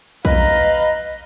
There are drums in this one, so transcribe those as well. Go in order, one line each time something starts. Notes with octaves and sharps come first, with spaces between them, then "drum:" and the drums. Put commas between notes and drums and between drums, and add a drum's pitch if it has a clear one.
B4 D#5 F5 A#5, drum: kick